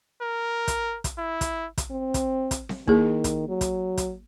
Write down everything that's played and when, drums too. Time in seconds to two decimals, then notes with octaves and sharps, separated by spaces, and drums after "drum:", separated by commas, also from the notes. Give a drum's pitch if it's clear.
0.21 A#4
0.68 drum: kick, hi-hat
1.04 drum: kick, hi-hat
1.18 E4
1.41 drum: kick, hi-hat
1.78 drum: kick, hi-hat
1.91 C4
2.14 drum: kick, hi-hat
2.51 drum: kick, hi-hat
2.69 drum: snare C4
2.88 D#3 A#3 E4 G#4, drum: kick
3.24 drum: kick, hi-hat
3.49 F#3
3.61 drum: kick, hi-hat
3.97 drum: kick, hi-hat